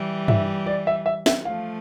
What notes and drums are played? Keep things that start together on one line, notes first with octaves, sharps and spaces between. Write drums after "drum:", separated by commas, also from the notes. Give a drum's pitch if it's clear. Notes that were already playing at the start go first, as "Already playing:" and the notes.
Already playing: E3 G3
E5, drum: tom G2
D5
E5
E5
E5, drum: snare
F3 A3 F5